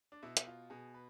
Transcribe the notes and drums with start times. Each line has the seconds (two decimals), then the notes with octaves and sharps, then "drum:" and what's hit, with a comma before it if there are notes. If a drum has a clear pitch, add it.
0.12 D4
0.23 B2 E4
0.37 drum: hi-hat
0.46 F4
0.70 B2 G#4
0.94 B4